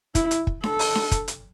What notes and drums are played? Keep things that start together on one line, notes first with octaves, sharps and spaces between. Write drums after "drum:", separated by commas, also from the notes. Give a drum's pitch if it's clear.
E4, drum: kick, hi-hat
drum: hi-hat
drum: kick
A4, drum: snare D4
drum: open hi-hat
drum: snare D4
drum: kick, hi-hat
drum: hi-hat